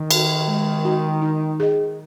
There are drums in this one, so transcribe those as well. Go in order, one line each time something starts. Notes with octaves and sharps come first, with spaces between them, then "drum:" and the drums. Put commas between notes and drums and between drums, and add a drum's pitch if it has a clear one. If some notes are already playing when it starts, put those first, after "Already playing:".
Already playing: D#3
F#4 A4, drum: cymbal
G#3
D#4 F#4
D#4
G#4 D#5